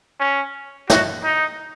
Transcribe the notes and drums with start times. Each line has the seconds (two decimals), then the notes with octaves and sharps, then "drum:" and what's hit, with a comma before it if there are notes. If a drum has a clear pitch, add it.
0.20 C#4
0.90 F#4, drum: snare
1.24 D#4